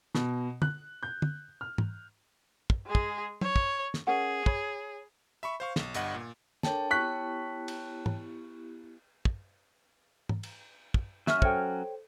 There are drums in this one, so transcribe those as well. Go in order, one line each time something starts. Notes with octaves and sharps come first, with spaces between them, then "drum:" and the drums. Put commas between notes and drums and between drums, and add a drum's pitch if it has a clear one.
B2, drum: snare
F#6, drum: tom
G6
drum: tom
F6
drum: tom
drum: kick
G#3 G#4
drum: kick
C#5, drum: tom
drum: kick
drum: snare
C#4 G#4 A#4 F#5
C#5 B5, drum: kick
E5 B5 C#6
C5 F5 C#6
B1, drum: snare
G1 G2 D#5 F#5, drum: hi-hat
A#2
D4 A4 A#4 C#5 G5 A5, drum: snare
B3 E4 G4 C#6 F#6 B6
drum: cymbal
drum: tom
drum: kick
drum: tom
drum: cymbal
drum: kick
F#3 C#4 E5 C#6 F6, drum: snare
A4 C5 C#5 G5, drum: kick